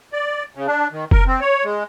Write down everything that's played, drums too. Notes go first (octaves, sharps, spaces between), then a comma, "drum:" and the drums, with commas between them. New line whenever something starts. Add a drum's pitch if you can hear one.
D5
C#3
D4
D#3
A#4, drum: kick F1
C4
C#5
G#3